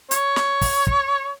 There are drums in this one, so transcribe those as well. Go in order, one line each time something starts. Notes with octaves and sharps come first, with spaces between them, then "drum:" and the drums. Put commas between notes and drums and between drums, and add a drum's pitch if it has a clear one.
C#5, drum: hi-hat
drum: snare
drum: kick, open hi-hat
drum: kick